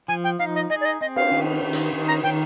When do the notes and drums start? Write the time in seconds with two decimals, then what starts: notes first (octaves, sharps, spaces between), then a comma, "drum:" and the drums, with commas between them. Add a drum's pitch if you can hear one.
0.08 F3 G#5
0.24 G5
0.39 D#4 F5
0.55 D#5
0.70 G#4 D#5
0.81 D5
0.85 D#5
1.01 C4 D#5
1.16 F5, drum: cymbal
1.31 D#3
1.62 D#3
1.73 drum: hi-hat
1.93 D#3
2.08 A#5
2.24 D#3 G5